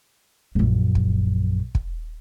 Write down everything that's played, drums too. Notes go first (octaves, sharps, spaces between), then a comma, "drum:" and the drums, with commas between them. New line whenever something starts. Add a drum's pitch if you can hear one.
A#1 F#2
drum: kick
drum: kick